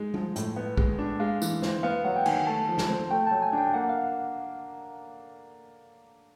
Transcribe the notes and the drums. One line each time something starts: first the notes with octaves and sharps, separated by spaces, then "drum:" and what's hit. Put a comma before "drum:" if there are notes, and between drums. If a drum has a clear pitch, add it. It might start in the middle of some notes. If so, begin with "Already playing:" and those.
Already playing: G#3 D#4
F3, drum: tom G3
A2, drum: hi-hat
B3
G#3, drum: kick
D4
G#3 F5
E3, drum: tambourine
C4, drum: snare
B3 F5
F#3 F#5
G5
D#3 G#5, drum: cymbal
A3 A5
F3
drum: snare
C4
A3 G5
F#3 A5
G#5
D4 G5
A#3 F#5
F5